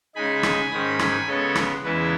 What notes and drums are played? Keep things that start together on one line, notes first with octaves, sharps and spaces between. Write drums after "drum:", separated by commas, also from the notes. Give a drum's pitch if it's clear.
C#3 G#3 D#4 G#5 B5
drum: rim click
G#2 D#3 G#3 C#4 B5 D#6
G#5 B5, drum: rim click
C#3 G#3 B3 A4 C#5
drum: rim click
E2 C#3 G#3 B3 E4 B4